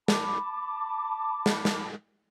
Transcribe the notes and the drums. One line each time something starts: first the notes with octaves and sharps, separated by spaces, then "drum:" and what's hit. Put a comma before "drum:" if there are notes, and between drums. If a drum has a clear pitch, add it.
A5 B5 D6, drum: snare
drum: snare
drum: snare